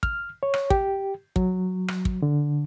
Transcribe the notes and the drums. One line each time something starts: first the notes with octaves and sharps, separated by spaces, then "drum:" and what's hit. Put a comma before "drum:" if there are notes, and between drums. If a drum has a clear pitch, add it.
F6, drum: kick
C#5
drum: rim click
G4, drum: kick
F#3, drum: kick
drum: rim click
drum: kick
D3